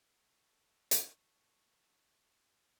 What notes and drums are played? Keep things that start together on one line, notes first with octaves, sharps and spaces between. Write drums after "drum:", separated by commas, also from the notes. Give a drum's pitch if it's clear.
A4 C#6
drum: hi-hat